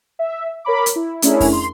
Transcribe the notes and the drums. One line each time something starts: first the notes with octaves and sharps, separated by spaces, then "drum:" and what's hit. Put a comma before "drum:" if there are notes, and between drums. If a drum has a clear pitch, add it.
E5
A#4 C#5 B5 D6
drum: hi-hat
E4
A3 C#4 D4 E4 G#4 A#4, drum: hi-hat
drum: kick F2, open hi-hat
C6